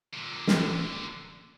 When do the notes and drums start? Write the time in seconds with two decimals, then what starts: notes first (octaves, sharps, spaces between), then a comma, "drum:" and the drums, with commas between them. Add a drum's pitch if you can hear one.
0.13 A#2 D3
0.47 drum: snare